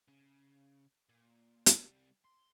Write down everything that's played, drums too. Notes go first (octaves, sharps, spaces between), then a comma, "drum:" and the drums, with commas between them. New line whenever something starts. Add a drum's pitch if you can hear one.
C#3
A#2
drum: hi-hat
C3 G3
C6